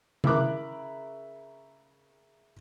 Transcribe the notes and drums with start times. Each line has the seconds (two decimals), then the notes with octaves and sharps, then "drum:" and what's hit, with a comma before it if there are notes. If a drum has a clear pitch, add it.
0.24 C#3 E4 A#4 D6 F#6, drum: tom C3